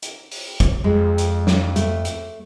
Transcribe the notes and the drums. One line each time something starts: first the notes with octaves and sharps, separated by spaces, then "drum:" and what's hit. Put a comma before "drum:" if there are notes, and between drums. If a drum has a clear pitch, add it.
drum: hi-hat
drum: open hi-hat
drum: kick, hi-hat
F2 G#3
drum: hi-hat
drum: snare
A3, drum: hi-hat
drum: hi-hat